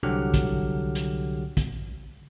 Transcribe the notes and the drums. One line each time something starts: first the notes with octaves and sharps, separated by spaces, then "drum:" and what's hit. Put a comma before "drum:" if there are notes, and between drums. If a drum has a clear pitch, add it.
C2 D3 F#3 G4 F#5 F6
drum: kick, hi-hat
drum: hi-hat
drum: kick, hi-hat